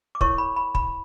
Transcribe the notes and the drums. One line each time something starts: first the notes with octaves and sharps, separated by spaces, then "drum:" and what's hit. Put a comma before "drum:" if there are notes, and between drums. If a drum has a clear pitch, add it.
D6
E4 A#4 C#5 C#6, drum: kick
B5
B5
B5, drum: kick